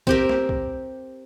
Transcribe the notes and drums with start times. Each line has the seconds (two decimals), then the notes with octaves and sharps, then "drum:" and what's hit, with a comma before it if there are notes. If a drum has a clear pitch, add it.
0.07 C4 G4 A#4, drum: kick
0.29 drum: snare
0.49 drum: kick